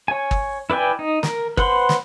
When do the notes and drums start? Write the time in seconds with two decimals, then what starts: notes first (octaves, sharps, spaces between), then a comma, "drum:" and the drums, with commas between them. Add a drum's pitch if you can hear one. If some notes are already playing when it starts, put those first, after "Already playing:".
0.08 C#5 G#5
0.31 drum: kick G1
0.70 E4 B4 D5 G5 G#5
0.99 D#4
1.23 A#4, drum: snare
1.57 B4 C5 F#5 B5 C6, drum: kick G1
1.89 drum: snare